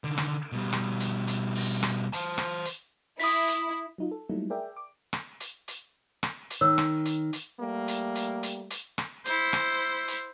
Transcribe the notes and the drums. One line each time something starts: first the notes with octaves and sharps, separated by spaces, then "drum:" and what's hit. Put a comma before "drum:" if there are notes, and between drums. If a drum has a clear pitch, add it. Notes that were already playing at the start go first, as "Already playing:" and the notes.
D3 D#3
drum: rim click
B2 G3
drum: rim click
drum: hi-hat
drum: hi-hat
drum: open hi-hat
drum: rim click
C5 A5, drum: hi-hat
drum: rim click
drum: hi-hat
E4 D#6 B6, drum: open hi-hat
drum: hi-hat
F#3 D#4 F4
A4
F#3 G3 A3 A#3 D#4 E4
G#4 A#4 D5 E5 G5
D6
drum: rim click
drum: hi-hat
drum: hi-hat
drum: rim click
drum: hi-hat
D#3 A#4 C#5 E6
drum: rim click
drum: hi-hat
drum: hi-hat
G3 A3 A#3
drum: hi-hat
drum: hi-hat
drum: hi-hat
drum: hi-hat
drum: rim click
E4 C5, drum: hi-hat
drum: rim click
drum: hi-hat